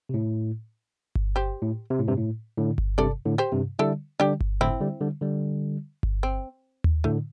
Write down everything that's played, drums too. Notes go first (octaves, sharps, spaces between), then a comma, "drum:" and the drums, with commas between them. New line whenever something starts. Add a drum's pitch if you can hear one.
C3
A2
drum: kick G1
G4 C5
A2
C3
A2
G2 C3
A2
A2 D3
drum: kick G1
G2 C3 A4 D5
A2 D3
G4 C5
G2 C3
D3 G3 E4 A4
D3 G3 D4 G4
drum: kick G1
A2 D3 C4 E4
D3 G3
D3 G3
D3 G3
drum: kick G1
C4
drum: tom D#2
A2 D3 A3